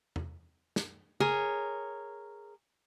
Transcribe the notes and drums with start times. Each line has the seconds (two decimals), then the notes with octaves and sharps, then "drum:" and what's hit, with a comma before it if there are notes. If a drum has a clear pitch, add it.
0.16 drum: tom E2
0.76 drum: snare
1.20 G#4 A#4 C#5, drum: tom